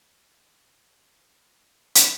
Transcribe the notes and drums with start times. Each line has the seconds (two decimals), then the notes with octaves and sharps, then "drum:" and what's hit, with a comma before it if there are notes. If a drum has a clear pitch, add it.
0.03 D2 D#3 D#4 D#5 F5
1.95 drum: hi-hat